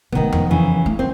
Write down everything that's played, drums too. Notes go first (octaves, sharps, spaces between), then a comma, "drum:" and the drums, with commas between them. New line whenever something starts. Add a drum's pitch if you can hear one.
C3 D#3 A3 B3
F3, drum: tom F2
C#3 E3
A3
C4